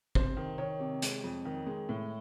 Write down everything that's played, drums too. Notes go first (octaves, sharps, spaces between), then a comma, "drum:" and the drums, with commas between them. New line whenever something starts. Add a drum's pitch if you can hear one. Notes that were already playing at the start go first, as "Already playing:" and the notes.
C3 C5, drum: kick
D#3
D#3 C#5
C3
G#3, drum: hi-hat
F2
D#3
G#3
A2